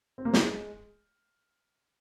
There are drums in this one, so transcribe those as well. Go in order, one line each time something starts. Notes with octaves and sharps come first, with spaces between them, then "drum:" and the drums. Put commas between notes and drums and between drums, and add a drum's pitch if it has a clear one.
C4
A#3
G#3, drum: snare